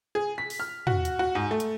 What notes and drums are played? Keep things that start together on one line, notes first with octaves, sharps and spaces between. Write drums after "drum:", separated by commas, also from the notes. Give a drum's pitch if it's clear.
G#4
B6
drum: open hi-hat
F6
F#4, drum: tom
drum: hi-hat
F#4
G#2
A3
drum: hi-hat